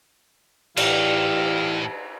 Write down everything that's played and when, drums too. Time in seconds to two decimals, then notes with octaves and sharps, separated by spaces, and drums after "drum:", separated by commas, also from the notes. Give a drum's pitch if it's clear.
0.77 A2 E3 G4 A4 F5, drum: cymbal